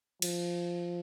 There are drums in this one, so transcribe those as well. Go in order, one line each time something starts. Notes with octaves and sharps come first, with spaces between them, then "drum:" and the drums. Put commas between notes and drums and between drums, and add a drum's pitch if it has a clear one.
F3, drum: cymbal